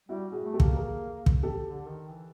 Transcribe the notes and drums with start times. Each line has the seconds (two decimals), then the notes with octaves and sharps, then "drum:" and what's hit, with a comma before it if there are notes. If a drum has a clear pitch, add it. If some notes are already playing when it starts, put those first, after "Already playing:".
0.09 G3 E4 F#4
0.32 F#4 G#4
0.42 A3
0.54 G4 A4
0.60 A#3, drum: kick
0.76 G#4 A#4
1.26 drum: kick
1.43 G4 A4
1.65 D3
1.88 D#3
2.11 E3